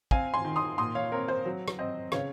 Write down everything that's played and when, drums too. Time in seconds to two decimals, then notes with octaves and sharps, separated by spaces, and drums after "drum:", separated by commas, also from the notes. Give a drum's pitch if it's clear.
0.11 C4 F5 G#5, drum: kick
0.34 G#5 C6
0.45 D#3
0.56 C6 D#6
0.78 A#2 C6 D#6
0.95 C#5 F5
1.12 C4 A#4 C#5
1.28 C5
1.45 F#3
1.68 drum: rim click
1.79 C4 C5 D#5
2.12 C#3 C#5 F5, drum: rim click